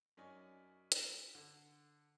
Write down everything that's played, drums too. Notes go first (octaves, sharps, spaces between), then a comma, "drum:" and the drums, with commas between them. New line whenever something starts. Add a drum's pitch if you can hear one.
F#2 C#4 D#4 D5 G#5
drum: hi-hat
D3